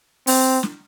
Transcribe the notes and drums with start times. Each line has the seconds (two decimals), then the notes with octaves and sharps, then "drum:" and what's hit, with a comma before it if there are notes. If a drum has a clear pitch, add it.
0.27 C4, drum: open hi-hat
0.63 drum: snare